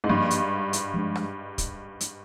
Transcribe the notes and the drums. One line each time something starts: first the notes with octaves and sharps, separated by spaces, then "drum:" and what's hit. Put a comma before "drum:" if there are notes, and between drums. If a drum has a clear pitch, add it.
G#2
G2 F3 A#3 D4
drum: hi-hat
drum: hi-hat
F3 G#3 D4
drum: rim click
drum: kick, hi-hat
drum: hi-hat